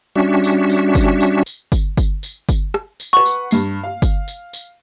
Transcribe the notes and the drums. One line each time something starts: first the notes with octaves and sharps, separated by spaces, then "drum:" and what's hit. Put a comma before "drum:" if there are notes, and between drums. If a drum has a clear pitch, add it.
G3 C#4 D4 F#4 E5
drum: tambourine
drum: tambourine
drum: kick G1, tambourine
drum: tambourine
drum: tambourine
drum: kick G1, tambourine
drum: kick G1, tambourine
drum: tambourine
drum: kick G1, tambourine
drum: rim click
drum: tambourine
B4 F#5 C#6
drum: tambourine
G2 C7, drum: tambourine
F5
drum: kick G1, tambourine
drum: tambourine
drum: tambourine